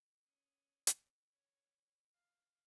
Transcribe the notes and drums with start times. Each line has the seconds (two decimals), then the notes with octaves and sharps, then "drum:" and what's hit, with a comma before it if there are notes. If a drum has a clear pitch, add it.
0.22 C#4 D#6
0.87 drum: hi-hat
1.27 C#5
2.12 F5